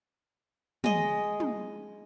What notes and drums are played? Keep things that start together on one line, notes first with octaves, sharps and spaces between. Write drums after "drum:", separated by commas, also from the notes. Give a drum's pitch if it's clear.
G#3 D#5, drum: tom
drum: tom